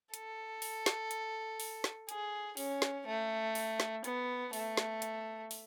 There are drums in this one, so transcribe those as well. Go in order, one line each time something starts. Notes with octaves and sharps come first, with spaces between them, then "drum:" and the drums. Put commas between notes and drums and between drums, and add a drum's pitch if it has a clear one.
A4, drum: hi-hat
drum: open hi-hat
drum: snare
drum: hi-hat
drum: open hi-hat
drum: snare
G#4, drum: hi-hat
C#4, drum: open hi-hat
drum: snare
A3
drum: open hi-hat
drum: snare
B3, drum: hi-hat
A3, drum: open hi-hat
drum: snare
drum: hi-hat
drum: open hi-hat